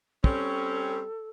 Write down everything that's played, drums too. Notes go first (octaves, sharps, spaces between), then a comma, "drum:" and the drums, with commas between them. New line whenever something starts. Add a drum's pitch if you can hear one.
G3 C4 C#4 A4, drum: kick